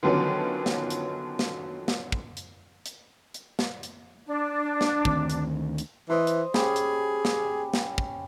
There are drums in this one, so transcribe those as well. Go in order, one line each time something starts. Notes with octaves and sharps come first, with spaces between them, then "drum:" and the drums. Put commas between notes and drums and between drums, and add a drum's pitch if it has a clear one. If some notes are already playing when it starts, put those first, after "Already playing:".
D3 D#3 F3 F#3 B3 C#4
drum: snare
drum: hi-hat
drum: snare
drum: snare
drum: kick
drum: hi-hat
drum: hi-hat
drum: hi-hat
drum: snare
drum: hi-hat
D4
drum: snare
D2 D#3 C4, drum: kick
drum: hi-hat
drum: hi-hat
E3 C5 D#5
drum: hi-hat
C#4 G4 G#4 B5, drum: snare
drum: hi-hat
drum: snare
drum: snare
drum: kick